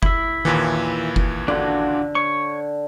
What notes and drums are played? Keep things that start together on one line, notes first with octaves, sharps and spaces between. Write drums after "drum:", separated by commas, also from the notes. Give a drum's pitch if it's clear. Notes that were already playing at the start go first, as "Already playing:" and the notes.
E4 E5, drum: kick F#1
D#2 A#2 E3, drum: tom D#3
drum: kick F#1
D3 D4 F4 F#4
C#5 C#6